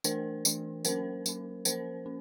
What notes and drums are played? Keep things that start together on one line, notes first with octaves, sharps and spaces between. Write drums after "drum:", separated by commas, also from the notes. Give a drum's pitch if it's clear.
E3 A3 D4 A#4 C5, drum: tambourine
E3 A3 D4, drum: tambourine
F#3 A#3 C#4 A#4 C5, drum: tambourine
F#3 A#3 C#4, drum: tambourine
F3 A#3 C#4 A#4 C5, drum: tambourine
A#3 C#4